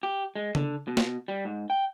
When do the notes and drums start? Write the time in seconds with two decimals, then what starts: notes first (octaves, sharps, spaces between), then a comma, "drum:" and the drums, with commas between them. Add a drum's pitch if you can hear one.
0.03 G4
0.36 G#3
0.55 D3, drum: tom C#3
0.88 B2
0.97 drum: snare
1.28 G3
1.45 G#2
1.70 G5